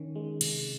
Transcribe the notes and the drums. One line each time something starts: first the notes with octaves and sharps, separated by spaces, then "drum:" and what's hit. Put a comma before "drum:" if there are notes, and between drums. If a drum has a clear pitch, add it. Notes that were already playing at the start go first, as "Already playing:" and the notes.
Already playing: D#3 C#4
G#3
C3, drum: cymbal